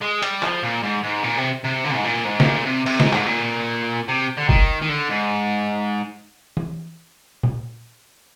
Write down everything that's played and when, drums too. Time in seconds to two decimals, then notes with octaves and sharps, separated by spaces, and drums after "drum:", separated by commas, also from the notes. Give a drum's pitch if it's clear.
0.02 G#3
0.23 G3, drum: hi-hat
0.43 F3, drum: clap
0.63 A#2
0.83 G#2
1.04 G#2
1.24 A#2
1.38 C3
1.65 C3
1.85 D3
1.96 G#2
2.05 A#2
2.26 G#2
2.40 C3, drum: snare
2.46 A#2
2.66 C3
2.86 C3, drum: cymbal
3.00 G#2, drum: snare
3.13 G#2, drum: clap
3.27 A#2
4.08 C3
4.38 D3
4.49 D#3, drum: kick
4.82 D#3
4.89 D3
5.09 G#2
6.57 drum: tom E3
7.43 drum: tom A#2